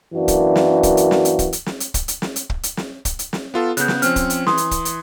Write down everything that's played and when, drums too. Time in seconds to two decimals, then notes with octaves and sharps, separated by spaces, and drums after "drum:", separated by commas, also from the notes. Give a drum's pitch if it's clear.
0.14 F#2 E3 A#3 D4 F#4
0.28 drum: kick, hi-hat
0.56 drum: snare
0.83 drum: kick, hi-hat
0.97 drum: hi-hat
1.11 drum: snare
1.25 drum: hi-hat
1.39 drum: kick, hi-hat
1.53 drum: hi-hat
1.66 drum: snare
1.80 drum: hi-hat
1.94 drum: kick, hi-hat
2.08 drum: hi-hat
2.22 drum: snare
2.36 drum: hi-hat
2.50 drum: kick
2.63 drum: hi-hat
2.77 drum: snare
3.05 drum: kick, hi-hat
3.19 drum: hi-hat
3.33 drum: snare
3.54 B3 F4 A4
3.77 C#3 B3 F#6 G6, drum: hi-hat
3.88 drum: snare
4.02 F3 C4 C#4 F6, drum: hi-hat
4.16 drum: kick, hi-hat
4.30 drum: hi-hat
4.47 E3 C6 D#6, drum: snare
4.57 drum: hi-hat
4.71 drum: kick, hi-hat
4.85 drum: hi-hat